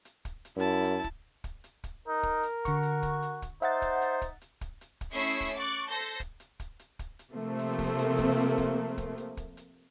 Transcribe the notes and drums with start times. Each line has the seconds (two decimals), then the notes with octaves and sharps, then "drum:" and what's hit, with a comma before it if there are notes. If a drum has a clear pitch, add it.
0.05 drum: hi-hat
0.25 drum: kick, hi-hat
0.45 drum: hi-hat
0.57 F#2 E4 A5
0.84 drum: hi-hat
1.04 drum: kick
1.44 drum: kick, hi-hat
1.64 drum: hi-hat
1.84 drum: kick, hi-hat
2.08 D#4 A#4
2.23 drum: kick
2.43 drum: hi-hat
2.65 D3 F#4 C#6, drum: kick, hi-hat
2.83 drum: hi-hat
3.03 drum: kick, hi-hat
3.22 drum: hi-hat
3.42 drum: kick, hi-hat
3.62 D#4 C5 E5 F#5 A6, drum: hi-hat
3.82 drum: kick, hi-hat
4.02 drum: hi-hat
4.22 drum: kick, hi-hat
4.41 drum: hi-hat
4.61 drum: kick, hi-hat
4.81 drum: hi-hat
5.01 drum: kick, hi-hat
5.14 A3 C#4 E4 E5 D#6 C7
5.41 drum: kick, hi-hat
5.57 C#6 D6 F#6 A6
5.89 A4 C5 A5 G6 A#6
6.00 drum: hi-hat
6.20 drum: kick, hi-hat
6.40 drum: hi-hat
6.60 drum: kick, hi-hat
6.79 drum: hi-hat
6.99 drum: kick, hi-hat
7.19 drum: hi-hat
7.33 C3 F3 A3 A#3 C4
7.59 drum: hi-hat
7.79 drum: kick, hi-hat
7.98 drum: hi-hat
8.18 drum: kick, hi-hat
8.38 drum: hi-hat
8.58 drum: kick, hi-hat
8.98 drum: kick, hi-hat
9.17 drum: hi-hat
9.37 drum: kick, hi-hat
9.57 drum: hi-hat